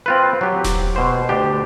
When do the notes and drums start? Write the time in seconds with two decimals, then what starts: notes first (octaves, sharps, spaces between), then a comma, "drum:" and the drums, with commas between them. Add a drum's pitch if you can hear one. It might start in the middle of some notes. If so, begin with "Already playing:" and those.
0.06 C4 F4 B4
0.41 F#3 G4
0.64 drum: snare D#1
0.96 B2 C5
1.29 D2 D4 G4